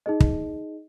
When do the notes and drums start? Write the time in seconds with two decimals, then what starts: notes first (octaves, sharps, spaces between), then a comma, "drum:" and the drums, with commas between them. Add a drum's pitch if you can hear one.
0.06 D#4 G#4 D#5
0.20 drum: kick